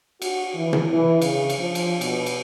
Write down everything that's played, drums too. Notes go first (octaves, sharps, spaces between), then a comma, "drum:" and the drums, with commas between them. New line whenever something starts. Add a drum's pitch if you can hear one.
F#4, drum: cymbal
E3
drum: tom
E3
C#3, drum: cymbal
drum: cymbal
F3
drum: cymbal
B2, drum: cymbal
drum: cymbal